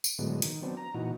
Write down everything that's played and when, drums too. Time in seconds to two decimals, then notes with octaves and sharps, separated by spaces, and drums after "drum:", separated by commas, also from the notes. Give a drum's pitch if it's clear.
0.04 drum: tambourine
0.19 A2 D3 F#3 G#3 B3
0.42 D#3, drum: hi-hat
0.62 F#3 B3 C4 D4
0.77 A#5
0.94 A#2 E3 D#4 F#4